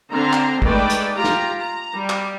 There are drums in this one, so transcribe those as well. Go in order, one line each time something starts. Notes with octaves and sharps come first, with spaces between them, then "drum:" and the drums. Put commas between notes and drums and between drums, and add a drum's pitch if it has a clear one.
D3 C4 A#5 C6
drum: clap
G#3 A3 D#4 B4 D5 G5, drum: kick
drum: hi-hat
F4 G4 A#5
drum: snare
A#5
G3
drum: clap